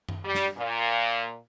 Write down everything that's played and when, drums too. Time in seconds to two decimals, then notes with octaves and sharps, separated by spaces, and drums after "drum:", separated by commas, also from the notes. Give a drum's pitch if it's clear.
0.09 drum: tom F#2
0.25 G3
0.35 drum: snare
0.58 A#2